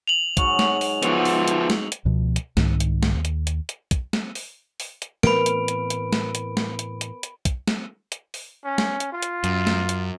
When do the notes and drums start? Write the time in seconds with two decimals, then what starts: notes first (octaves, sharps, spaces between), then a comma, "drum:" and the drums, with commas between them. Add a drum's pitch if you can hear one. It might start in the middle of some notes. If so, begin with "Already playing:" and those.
0.08 F7 F#7
0.37 G#2 F#3 C#6, drum: kick, hi-hat
0.59 drum: snare
0.81 drum: open hi-hat
1.03 F3 B3 F#4 E5 F#5, drum: hi-hat
1.25 drum: open hi-hat
1.48 drum: hi-hat
1.70 drum: snare
1.92 drum: hi-hat
2.05 C#2 B2 F3
2.36 drum: hi-hat
2.57 C2 G#2 D#3, drum: snare
2.80 drum: hi-hat
3.03 drum: snare
3.14 D#2
3.25 drum: hi-hat
3.47 drum: hi-hat
3.69 drum: hi-hat
3.91 drum: kick, hi-hat
4.13 drum: snare
4.35 drum: open hi-hat
4.80 drum: open hi-hat
5.02 drum: hi-hat
5.23 A2 E3 B3 C4 A#4 B4 B5 D7, drum: snare
5.46 drum: hi-hat
5.68 drum: hi-hat
5.90 drum: hi-hat
6.13 drum: snare
6.35 drum: hi-hat
6.57 drum: snare
6.79 drum: hi-hat
7.01 drum: hi-hat
7.23 drum: hi-hat
7.45 drum: kick, hi-hat
7.68 drum: snare
8.12 drum: hi-hat
8.34 drum: open hi-hat
8.64 C#4
8.78 drum: snare
9.00 drum: hi-hat
9.12 F4
9.22 drum: hi-hat
9.44 F#2, drum: hi-hat
9.67 drum: snare
9.89 drum: hi-hat